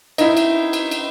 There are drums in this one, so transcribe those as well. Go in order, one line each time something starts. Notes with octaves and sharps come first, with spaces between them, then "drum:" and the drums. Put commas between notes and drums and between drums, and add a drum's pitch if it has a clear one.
D#4 E4, drum: cymbal
drum: cymbal
drum: cymbal
drum: cymbal